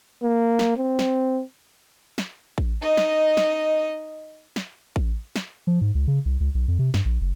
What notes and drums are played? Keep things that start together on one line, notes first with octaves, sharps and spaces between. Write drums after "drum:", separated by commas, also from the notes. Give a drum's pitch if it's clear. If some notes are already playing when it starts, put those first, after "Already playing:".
A#3
drum: snare
C4
drum: snare
drum: snare
drum: kick A1
D#4 D#5
drum: snare
drum: snare
drum: snare
drum: kick A1
drum: snare
F3
G#2
C#2
C#3
C2
C#2
B1
F2
C3
G2, drum: snare
A#1
F#1